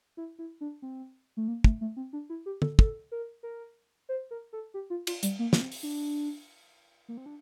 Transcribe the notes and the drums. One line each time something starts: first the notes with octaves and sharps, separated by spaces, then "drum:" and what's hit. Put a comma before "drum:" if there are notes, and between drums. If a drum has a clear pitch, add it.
E4
E4
D4
C4
A3
A#3
A3, drum: kick
A3
C4
D4
E4
G4
A4, drum: tom
A4, drum: kick
A#4
A#4
C5
A#4
A4
G4
F4
F4, drum: cymbal
G3, drum: hi-hat
A#3
A#3, drum: snare
C4
drum: open hi-hat
D4
A#3
C4
D4